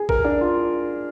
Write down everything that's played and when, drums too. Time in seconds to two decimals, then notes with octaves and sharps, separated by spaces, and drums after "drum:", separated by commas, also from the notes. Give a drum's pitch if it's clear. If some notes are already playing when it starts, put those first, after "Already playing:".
Already playing: G#4
0.09 A#4, drum: kick
0.24 D4
0.41 F4